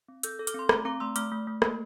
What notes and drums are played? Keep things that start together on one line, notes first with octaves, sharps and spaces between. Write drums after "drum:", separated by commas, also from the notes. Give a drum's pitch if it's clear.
C4
A4 E6 G6, drum: hi-hat
A4
D6 F6, drum: hi-hat
C4 C6
A3 A#5 D6, drum: rim click
C4 A#5 D6
A3 C6 E6
A3 D6 F6, drum: hi-hat
A3
A3
A#3, drum: rim click